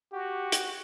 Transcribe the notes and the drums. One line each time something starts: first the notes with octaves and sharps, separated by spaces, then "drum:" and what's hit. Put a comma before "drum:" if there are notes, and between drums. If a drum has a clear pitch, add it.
F#4 G4
drum: hi-hat